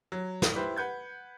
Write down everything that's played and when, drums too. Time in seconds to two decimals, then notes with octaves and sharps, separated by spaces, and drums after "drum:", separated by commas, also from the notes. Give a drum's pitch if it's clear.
0.12 F#3
0.42 drum: snare
0.55 E4 G4 B4 C5
0.76 B4 F#5 G6 G#6